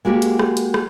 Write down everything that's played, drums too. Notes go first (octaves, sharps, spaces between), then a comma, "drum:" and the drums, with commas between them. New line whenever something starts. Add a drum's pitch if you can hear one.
G#3 A#3 F#4 G4
drum: hi-hat
drum: rim click
drum: hi-hat
drum: rim click